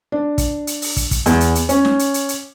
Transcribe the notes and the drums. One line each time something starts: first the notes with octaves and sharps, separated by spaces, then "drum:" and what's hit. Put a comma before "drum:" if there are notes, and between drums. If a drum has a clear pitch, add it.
D4
drum: kick, hi-hat
drum: hi-hat
drum: open hi-hat
drum: kick, hi-hat
drum: kick, hi-hat
E2, drum: hi-hat
drum: hi-hat
drum: hi-hat
C#4, drum: hi-hat
drum: snare
drum: hi-hat
drum: hi-hat
drum: hi-hat